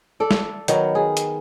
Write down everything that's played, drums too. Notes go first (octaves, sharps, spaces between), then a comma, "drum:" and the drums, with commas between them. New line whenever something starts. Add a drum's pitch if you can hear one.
A4 D5
drum: snare
D#3 F#3 B3, drum: hi-hat
G#4
drum: hi-hat